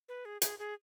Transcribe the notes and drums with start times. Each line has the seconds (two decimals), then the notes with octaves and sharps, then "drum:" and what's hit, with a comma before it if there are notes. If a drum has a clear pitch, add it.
0.09 B4
0.25 G#4
0.42 G#4, drum: hi-hat
0.59 G#4